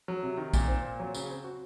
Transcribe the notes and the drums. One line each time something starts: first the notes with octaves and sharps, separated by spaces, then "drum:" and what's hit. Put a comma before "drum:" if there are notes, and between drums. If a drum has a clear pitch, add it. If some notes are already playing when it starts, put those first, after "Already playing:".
F#3
C3
D#3
A#2, drum: kick, tambourine
C4
A#2
F#3
C#3, drum: tambourine
C4
F#4